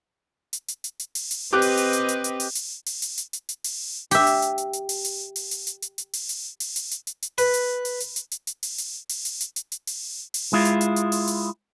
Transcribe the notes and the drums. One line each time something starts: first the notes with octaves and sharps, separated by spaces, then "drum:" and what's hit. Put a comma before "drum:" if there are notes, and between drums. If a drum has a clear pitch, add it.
drum: hi-hat
drum: hi-hat
drum: hi-hat
drum: hi-hat
drum: open hi-hat
drum: hi-hat
C4 G4 B4 D#5 D6 F#6
drum: open hi-hat
drum: hi-hat
drum: hi-hat
drum: hi-hat
drum: hi-hat
drum: open hi-hat
drum: hi-hat
drum: open hi-hat
drum: hi-hat
drum: hi-hat
drum: hi-hat
drum: hi-hat
drum: open hi-hat
G4 E5, drum: open hi-hat
drum: hi-hat
drum: hi-hat
drum: hi-hat
drum: hi-hat
drum: open hi-hat
drum: hi-hat
drum: open hi-hat
drum: hi-hat
drum: hi-hat
drum: hi-hat
drum: hi-hat
drum: open hi-hat
drum: hi-hat
drum: open hi-hat
drum: hi-hat
drum: hi-hat
drum: hi-hat
drum: hi-hat
B4, drum: open hi-hat
drum: hi-hat
drum: open hi-hat
drum: hi-hat
drum: hi-hat
drum: hi-hat
drum: hi-hat
drum: open hi-hat
drum: hi-hat
drum: open hi-hat
drum: hi-hat
drum: hi-hat
drum: hi-hat
drum: hi-hat
drum: open hi-hat
drum: open hi-hat
G#3 E4 F4
drum: hi-hat
drum: hi-hat
drum: hi-hat
drum: open hi-hat
drum: hi-hat